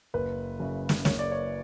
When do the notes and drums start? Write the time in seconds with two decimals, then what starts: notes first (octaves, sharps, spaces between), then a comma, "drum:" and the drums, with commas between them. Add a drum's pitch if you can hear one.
0.14 F#1 B4
0.59 F#2 C#3
0.89 drum: snare
1.05 F#1 C#5, drum: snare
1.19 D5
1.31 C#5